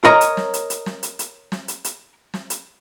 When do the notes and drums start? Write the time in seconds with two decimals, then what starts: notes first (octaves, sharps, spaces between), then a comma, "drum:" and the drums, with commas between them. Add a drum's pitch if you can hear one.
0.04 A#4 C#5 D#5 A#5
0.21 drum: hi-hat
0.37 drum: snare
0.54 drum: hi-hat
0.70 drum: hi-hat
0.86 drum: snare
1.03 drum: hi-hat
1.19 drum: hi-hat
1.52 drum: snare
1.68 drum: hi-hat
1.84 drum: hi-hat
2.34 drum: snare
2.50 drum: hi-hat